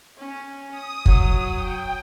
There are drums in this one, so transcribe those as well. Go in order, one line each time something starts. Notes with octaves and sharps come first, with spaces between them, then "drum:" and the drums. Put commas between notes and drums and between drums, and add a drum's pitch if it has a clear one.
C#4
D#6
F#3, drum: kick
G5